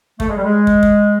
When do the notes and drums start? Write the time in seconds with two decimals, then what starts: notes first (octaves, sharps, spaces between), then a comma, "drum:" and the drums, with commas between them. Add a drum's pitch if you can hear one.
0.20 A3, drum: kick
0.29 G#3
0.36 G3
0.44 G#3
0.67 drum: kick
0.83 drum: kick